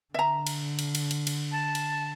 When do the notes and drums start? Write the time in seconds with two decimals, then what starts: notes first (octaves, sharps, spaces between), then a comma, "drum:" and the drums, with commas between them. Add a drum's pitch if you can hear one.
0.14 D3 E5 A#5
0.47 drum: cymbal
0.79 drum: cymbal
0.95 drum: cymbal
1.11 drum: cymbal
1.27 drum: cymbal
1.52 A5
1.75 drum: cymbal